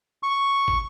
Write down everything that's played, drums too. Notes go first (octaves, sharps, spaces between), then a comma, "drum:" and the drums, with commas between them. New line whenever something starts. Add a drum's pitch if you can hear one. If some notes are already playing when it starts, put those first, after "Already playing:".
C#6
drum: kick